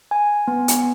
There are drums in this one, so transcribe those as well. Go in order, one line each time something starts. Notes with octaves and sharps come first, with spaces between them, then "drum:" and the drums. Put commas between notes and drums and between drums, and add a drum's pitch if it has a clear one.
G#5
B3
drum: hi-hat